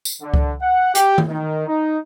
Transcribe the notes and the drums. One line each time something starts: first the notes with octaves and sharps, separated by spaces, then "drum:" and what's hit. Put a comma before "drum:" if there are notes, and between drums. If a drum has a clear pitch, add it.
drum: tambourine
D3
drum: kick C#2
F#5
G4, drum: hi-hat
drum: tom D#3
D#3
D#4